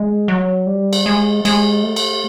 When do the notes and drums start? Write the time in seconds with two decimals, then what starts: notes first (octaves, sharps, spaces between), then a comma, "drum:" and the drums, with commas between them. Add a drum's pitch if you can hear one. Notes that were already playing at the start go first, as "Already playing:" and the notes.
Already playing: G#3
0.28 F#3
0.67 G3
0.93 drum: cymbal
1.06 G#3
1.45 G#3, drum: cymbal
1.83 A3
1.96 drum: cymbal